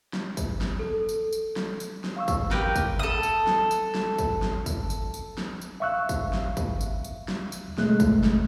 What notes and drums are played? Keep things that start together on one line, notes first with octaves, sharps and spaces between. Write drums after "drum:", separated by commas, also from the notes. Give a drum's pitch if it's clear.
drum: snare
drum: kick, tambourine
drum: snare
A4
drum: tambourine
drum: tambourine
drum: snare
drum: tambourine
drum: snare
F5 C#6 E6
drum: kick, tambourine
G4 A#4 B4, drum: snare
drum: kick, tambourine
A4 D#6
drum: tambourine
drum: snare
drum: tambourine
drum: snare
drum: kick, tambourine
drum: snare
drum: kick, tambourine
drum: tambourine
drum: tambourine
drum: snare
drum: tambourine
E5 F5 C#6 E6 F#6
drum: kick, tambourine
drum: snare
drum: kick, tambourine
drum: tambourine
drum: tambourine
drum: snare
drum: tambourine
B2 G#3 A3 F#6, drum: snare
drum: kick, tambourine
drum: snare